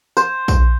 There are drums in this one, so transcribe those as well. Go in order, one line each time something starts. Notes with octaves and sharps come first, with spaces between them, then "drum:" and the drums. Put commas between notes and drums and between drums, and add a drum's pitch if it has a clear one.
C5, drum: tambourine
drum: kick A#1, tambourine